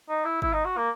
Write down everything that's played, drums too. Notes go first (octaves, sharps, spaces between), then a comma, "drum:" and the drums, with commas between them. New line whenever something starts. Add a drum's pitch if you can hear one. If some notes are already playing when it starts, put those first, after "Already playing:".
D#4
E4
E4, drum: kick G1
D#4
F#4
A#3